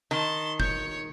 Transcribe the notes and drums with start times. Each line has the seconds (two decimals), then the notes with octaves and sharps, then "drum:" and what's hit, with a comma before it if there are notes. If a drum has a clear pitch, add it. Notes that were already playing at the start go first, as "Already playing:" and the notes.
0.11 D#3 A5 C6
0.60 C#5 G6, drum: kick